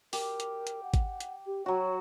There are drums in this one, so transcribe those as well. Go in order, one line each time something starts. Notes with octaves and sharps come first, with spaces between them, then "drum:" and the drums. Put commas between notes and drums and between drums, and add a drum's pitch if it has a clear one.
G4 A#4, drum: open hi-hat
drum: hi-hat
drum: hi-hat
F#5
drum: kick, hi-hat
drum: hi-hat
G4
F#3 F#4 C#5